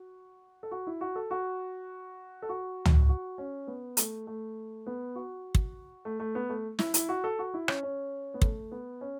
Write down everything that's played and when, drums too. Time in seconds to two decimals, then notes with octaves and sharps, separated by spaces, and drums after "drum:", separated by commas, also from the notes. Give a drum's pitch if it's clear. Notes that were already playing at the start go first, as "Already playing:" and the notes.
Already playing: F#4
0.63 A4
0.71 F#4
0.87 E4
1.01 F#4
1.16 A4
1.31 F#4
2.42 A4
2.49 F#4
2.85 drum: tom
3.09 F#4
3.38 C#4
3.67 B3
3.97 A3, drum: hi-hat
4.27 A3
4.87 B3
5.15 F#4
5.55 drum: kick
6.05 A3
6.20 A3
6.35 B3
6.49 A3
6.79 E4, drum: snare
6.94 E4, drum: hi-hat
7.09 F#4
7.24 A4
7.39 F#4
7.54 E4
7.68 C#4, drum: rim click
7.83 C#4
8.34 B3
8.42 A3, drum: kick
8.72 B3
9.01 C#4